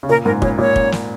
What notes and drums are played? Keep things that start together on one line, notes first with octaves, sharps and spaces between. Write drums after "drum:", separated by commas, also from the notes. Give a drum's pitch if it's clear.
C#3
A#2 A#4
G#2 A#4
A#2 C#5, drum: kick
A#2 C#5
drum: kick
drum: snare